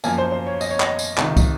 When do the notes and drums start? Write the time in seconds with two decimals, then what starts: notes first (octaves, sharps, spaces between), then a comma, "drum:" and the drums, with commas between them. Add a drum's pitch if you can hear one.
0.04 F#2 F3 A#3 G#5, drum: tambourine
0.18 C5
0.32 C5
0.46 C#5
0.61 D#5, drum: tambourine
0.70 C#5
0.80 D#5, drum: clap
0.99 drum: tambourine
1.18 C#2 C3 D#3, drum: clap
1.37 drum: kick, tambourine